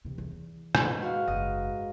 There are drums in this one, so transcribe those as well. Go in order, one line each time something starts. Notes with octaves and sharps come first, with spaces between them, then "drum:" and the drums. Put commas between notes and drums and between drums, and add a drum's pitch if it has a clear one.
C3 E3
E2
G#2 G#3 B4, drum: rim click
F#4 F5
F#1 D#5